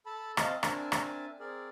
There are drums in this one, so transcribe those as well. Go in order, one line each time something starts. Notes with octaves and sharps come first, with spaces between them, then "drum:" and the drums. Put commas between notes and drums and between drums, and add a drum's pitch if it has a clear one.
A4 A5 B5
C4 D#5 F5 A5, drum: rim click
C4 D4 A#4 E5 G#5 A5, drum: rim click
drum: rim click
C4 G#4 A#4 D5